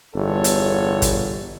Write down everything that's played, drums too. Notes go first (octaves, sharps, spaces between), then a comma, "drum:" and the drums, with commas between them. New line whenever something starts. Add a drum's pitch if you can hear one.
G1 E2 A4 C#5
drum: hi-hat
drum: kick, hi-hat